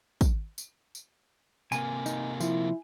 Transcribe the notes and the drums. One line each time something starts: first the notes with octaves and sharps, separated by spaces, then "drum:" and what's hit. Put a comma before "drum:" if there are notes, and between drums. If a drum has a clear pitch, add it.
drum: kick, tambourine
drum: tambourine
drum: tambourine
C3 A#3 G#5, drum: tambourine
D#4, drum: tambourine
F3 E4, drum: tambourine